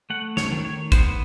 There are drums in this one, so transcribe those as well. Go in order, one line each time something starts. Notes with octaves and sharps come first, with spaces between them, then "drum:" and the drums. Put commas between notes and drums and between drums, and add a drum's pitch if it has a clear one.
A3 F#5
C#5, drum: snare
D#3
C#5
B3 C5, drum: kick, hi-hat